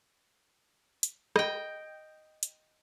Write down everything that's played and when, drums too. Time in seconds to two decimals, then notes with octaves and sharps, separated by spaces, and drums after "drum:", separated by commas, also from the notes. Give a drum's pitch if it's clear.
1.03 drum: hi-hat
1.36 D#5 G5, drum: rim click
2.43 drum: hi-hat